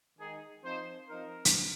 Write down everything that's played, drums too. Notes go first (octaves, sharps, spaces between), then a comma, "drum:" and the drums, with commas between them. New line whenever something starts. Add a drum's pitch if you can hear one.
D#3 G#3 D#4 G#4
F3 C4 D#4 C5
F3 C4 D#4 A#4
drum: hi-hat